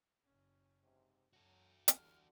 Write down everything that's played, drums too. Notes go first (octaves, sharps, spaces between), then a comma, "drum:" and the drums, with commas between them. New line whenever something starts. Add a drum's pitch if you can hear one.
F#1 C#4
G#2 C3
F#2 F#3 F#4 A4
E2 D3 G3 F6, drum: hi-hat